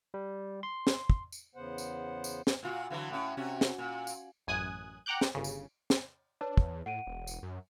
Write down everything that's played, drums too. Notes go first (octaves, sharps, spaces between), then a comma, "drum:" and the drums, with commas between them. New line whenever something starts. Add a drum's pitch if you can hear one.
G3
C6
drum: snare
drum: kick
drum: tambourine
E2 C#3 B3 C5 F#5
drum: tambourine
drum: tambourine
drum: snare
A#2 F4 F#4
D3 E3 F#3
A2 C#4
C3 C#4 F#4
drum: snare
A#2
drum: tambourine
A1 F#2 G#5 D#6 F#6
F#5 G5 A#5 D6 F#6 G6
drum: snare
G1 C#3
drum: tambourine
drum: snare
D4 B4 C#5 A5
E2, drum: kick
A2 F#5 D7 D#7
E1
drum: tambourine
F#2